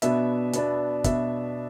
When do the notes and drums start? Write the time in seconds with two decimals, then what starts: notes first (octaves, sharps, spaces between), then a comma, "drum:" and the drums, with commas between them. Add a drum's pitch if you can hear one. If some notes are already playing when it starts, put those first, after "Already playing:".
0.02 B2 B3 D4 E5, drum: hi-hat
0.53 B2 B3 D4, drum: hi-hat
1.04 B2 B3 D4 E5, drum: kick, hi-hat